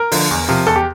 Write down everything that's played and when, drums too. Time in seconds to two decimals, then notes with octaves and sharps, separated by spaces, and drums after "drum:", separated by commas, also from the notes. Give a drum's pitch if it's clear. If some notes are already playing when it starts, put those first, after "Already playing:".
Already playing: A#4
0.12 D3 F3, drum: open hi-hat
0.31 E2
0.49 C3 F3
0.66 E2 A4
0.76 G4